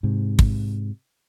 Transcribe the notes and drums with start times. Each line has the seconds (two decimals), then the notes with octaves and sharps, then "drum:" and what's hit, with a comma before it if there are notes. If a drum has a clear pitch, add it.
0.03 G#2 C3
0.39 drum: kick